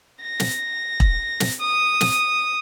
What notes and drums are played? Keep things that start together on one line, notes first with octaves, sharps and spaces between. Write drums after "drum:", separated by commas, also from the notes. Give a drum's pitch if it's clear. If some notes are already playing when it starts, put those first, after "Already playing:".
A#6
drum: snare
drum: kick E1
drum: snare
D#6
drum: snare